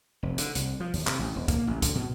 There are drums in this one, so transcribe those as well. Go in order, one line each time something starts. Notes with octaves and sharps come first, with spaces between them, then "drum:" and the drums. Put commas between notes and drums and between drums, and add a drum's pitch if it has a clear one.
F1
D3, drum: hi-hat
C2, drum: hi-hat
F3
D#2, drum: open hi-hat
C3, drum: clap
A1
E1
A#3, drum: kick, hi-hat
A1
D3, drum: kick, hi-hat
B2